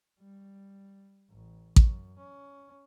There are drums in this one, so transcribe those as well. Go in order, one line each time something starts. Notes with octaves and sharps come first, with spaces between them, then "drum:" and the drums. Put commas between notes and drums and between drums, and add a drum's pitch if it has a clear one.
G3
A1
F#2, drum: kick A1
C#4